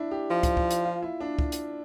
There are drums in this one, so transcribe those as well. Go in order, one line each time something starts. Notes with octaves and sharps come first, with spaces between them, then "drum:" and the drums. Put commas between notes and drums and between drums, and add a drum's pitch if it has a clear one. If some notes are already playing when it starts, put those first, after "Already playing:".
Already playing: D4 E4
G4
F3
drum: kick, hi-hat
drum: kick
drum: hi-hat
F4
E4
D4
drum: kick
drum: hi-hat